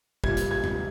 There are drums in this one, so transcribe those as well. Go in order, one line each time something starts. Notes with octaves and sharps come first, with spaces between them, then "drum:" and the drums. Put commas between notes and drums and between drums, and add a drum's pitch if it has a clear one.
A#2 G3 G#6, drum: kick
drum: hi-hat
G#6
drum: tom E2